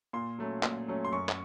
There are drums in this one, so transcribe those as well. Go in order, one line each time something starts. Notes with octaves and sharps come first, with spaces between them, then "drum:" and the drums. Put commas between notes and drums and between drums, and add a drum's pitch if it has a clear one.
A#2 C6
F#3 A3 C#4
A#2, drum: clap
F#3 A3 C#4
C6
F#2 C#6
drum: clap